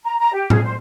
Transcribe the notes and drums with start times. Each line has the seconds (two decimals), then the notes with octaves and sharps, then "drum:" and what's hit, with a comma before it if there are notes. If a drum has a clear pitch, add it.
0.04 A#5
0.18 A#5
0.33 G4
0.50 G#4, drum: tom A2
0.64 C5